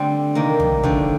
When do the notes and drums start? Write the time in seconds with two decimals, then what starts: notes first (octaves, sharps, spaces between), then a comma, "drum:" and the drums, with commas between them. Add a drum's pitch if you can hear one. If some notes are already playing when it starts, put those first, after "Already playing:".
Already playing: D3 G3 A3 C4 G4
0.35 C3 D#3 A#3
0.60 drum: tom
0.84 G2 D3 F3 A3, drum: kick